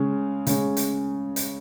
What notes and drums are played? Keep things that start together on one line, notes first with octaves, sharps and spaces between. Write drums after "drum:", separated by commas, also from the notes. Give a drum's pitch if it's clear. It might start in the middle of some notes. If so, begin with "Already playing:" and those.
Already playing: C#3 G#3 C#4
C#3 G#3 C#4, drum: hi-hat
drum: hi-hat
drum: hi-hat